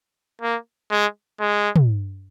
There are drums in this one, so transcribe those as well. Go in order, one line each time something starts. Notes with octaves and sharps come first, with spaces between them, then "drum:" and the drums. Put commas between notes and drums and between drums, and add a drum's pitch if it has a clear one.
A#3
G#3
G#3
drum: tom